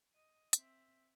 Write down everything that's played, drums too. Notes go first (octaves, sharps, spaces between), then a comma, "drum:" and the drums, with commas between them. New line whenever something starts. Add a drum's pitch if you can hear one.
D#5
C4 E5, drum: hi-hat